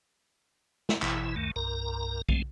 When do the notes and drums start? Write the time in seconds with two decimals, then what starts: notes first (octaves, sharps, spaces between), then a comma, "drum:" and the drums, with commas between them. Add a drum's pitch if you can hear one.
0.89 drum: snare
1.02 G#1 B2 E3 E4, drum: clap
1.36 C#2 F#2 D#3 A3
1.56 C2 G2 A#4 A#5
2.29 F3 G#3 A3 C4, drum: kick B1